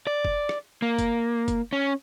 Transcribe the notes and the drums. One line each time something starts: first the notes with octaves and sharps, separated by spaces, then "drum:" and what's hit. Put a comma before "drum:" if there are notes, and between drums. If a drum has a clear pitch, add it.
D5
drum: kick
drum: rim click
A#3
drum: kick, hi-hat
drum: kick, hi-hat
C#4